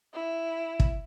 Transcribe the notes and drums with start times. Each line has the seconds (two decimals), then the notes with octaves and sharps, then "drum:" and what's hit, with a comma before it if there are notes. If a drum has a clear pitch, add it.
0.13 E4
0.80 drum: kick